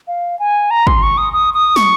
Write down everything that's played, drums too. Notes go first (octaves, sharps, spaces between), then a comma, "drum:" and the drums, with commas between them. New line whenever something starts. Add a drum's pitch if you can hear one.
F5
G#5
A#5
C6, drum: kick
C#6
D#6
D#6
D#6
C#6, drum: snare